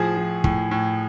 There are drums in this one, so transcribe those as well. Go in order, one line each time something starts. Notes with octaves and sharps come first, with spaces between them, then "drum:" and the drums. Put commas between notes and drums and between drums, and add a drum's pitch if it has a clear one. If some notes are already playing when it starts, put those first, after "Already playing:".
Already playing: A2 F3 G#4
F3
A2, drum: kick
A2